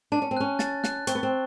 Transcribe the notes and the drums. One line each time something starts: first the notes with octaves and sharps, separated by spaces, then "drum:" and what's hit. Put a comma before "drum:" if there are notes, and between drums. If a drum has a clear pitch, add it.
D4 A5
C#4
C4
C#4 F#6
A6, drum: snare
F#6, drum: snare
C4 C#6, drum: hi-hat
B3
C4